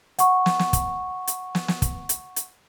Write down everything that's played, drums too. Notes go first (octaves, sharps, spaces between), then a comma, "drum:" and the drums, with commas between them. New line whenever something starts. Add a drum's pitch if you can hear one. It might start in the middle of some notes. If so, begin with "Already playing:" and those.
F#5 C#6, drum: hi-hat
drum: snare
drum: snare
drum: kick, hi-hat
drum: hi-hat
drum: snare
drum: snare
drum: kick, hi-hat
drum: hi-hat
drum: hi-hat